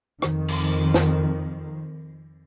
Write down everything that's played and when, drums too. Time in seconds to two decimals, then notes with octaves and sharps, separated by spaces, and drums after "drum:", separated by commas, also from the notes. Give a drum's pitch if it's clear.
0.22 F2 D#3, drum: rim click
0.48 drum: cymbal
0.94 drum: snare